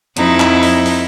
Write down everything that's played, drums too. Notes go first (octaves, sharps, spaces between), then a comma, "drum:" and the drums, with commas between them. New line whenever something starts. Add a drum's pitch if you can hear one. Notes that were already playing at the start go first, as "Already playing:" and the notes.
F2 D#4 E4, drum: hi-hat
drum: clap
drum: open hi-hat
drum: open hi-hat